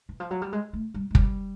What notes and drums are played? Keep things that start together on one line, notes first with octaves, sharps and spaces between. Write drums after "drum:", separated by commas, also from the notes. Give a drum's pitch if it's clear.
E3
F3
F#3
G3
G#3
A3
G3
G#3
G3, drum: kick